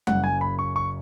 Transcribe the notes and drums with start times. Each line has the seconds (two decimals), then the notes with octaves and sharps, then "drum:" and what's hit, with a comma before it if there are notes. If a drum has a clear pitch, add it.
0.07 F#1 F#2 C#3 F#5, drum: tom G3
0.24 G#5
0.41 B5
0.59 C#6
0.76 C#6